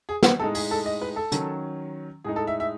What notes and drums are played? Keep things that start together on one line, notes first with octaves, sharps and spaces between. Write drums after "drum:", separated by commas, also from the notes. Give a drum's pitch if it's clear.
G#4
drum: snare
A2 G#3 D#4 A4
G#4, drum: open hi-hat
A4
D#5
B4
A4
D#3 F#3 C#4, drum: hi-hat
A2 G#3 D#4 G#4
A4
E5
E5